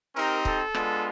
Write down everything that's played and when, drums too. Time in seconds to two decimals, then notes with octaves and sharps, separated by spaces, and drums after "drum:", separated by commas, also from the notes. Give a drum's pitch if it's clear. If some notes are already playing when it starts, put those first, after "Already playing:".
0.16 C4 D#4 G4 A#4
0.45 A4, drum: kick
0.74 G#3 B3 D4 F4, drum: rim click